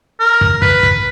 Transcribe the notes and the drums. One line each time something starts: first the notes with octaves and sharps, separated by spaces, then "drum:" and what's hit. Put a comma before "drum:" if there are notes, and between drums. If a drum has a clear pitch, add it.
A#4
drum: kick
B4, drum: kick
drum: kick